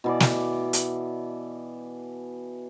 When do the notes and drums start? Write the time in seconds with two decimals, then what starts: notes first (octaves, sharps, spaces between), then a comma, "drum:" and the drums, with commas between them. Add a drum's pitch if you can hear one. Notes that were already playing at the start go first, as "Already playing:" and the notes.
0.04 B2 E3 D5
0.20 drum: snare
0.73 drum: hi-hat